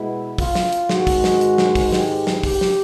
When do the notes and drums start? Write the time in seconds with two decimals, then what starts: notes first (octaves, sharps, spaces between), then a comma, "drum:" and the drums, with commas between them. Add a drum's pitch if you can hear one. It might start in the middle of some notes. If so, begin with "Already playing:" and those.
Already playing: B2 G#3 B3 E4
0.38 F4, drum: kick, open hi-hat
0.55 drum: snare
0.73 drum: hi-hat
0.89 G#2 D#3 G#3 F#4, drum: snare
1.07 drum: kick, open hi-hat
1.24 drum: snare
1.41 drum: hi-hat
1.58 drum: snare
1.75 drum: kick, open hi-hat
1.92 G4, drum: snare
2.27 drum: snare
2.43 G4, drum: kick, open hi-hat
2.61 drum: snare